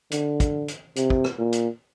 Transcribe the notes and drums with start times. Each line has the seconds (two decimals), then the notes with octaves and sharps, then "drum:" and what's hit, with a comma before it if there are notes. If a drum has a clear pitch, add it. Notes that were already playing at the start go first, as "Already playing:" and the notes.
0.11 D3, drum: hi-hat
0.40 drum: kick, hi-hat
0.68 drum: hi-hat
0.96 C3, drum: hi-hat
1.10 drum: kick
1.24 drum: rim click
1.38 A#2
1.52 drum: hi-hat